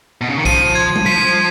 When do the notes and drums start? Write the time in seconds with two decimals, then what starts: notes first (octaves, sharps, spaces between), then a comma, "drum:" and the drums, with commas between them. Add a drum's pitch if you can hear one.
0.21 B2
0.29 C#3
0.37 D#3
0.45 F3 D#7, drum: kick
0.75 G#6
0.96 drum: tom G3
1.06 F3 B6